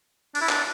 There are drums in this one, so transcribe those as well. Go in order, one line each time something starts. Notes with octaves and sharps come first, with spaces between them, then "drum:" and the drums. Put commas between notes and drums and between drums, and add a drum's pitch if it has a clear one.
D4, drum: open hi-hat
E4
D4, drum: clap